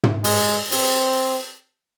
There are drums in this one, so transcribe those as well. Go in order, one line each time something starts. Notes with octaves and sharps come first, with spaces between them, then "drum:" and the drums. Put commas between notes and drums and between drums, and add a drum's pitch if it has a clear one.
drum: tom
G#3, drum: open hi-hat
C4, drum: open hi-hat